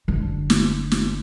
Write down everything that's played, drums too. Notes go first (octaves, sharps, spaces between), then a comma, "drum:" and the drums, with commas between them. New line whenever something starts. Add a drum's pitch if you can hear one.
F#1 D3
drum: snare
drum: snare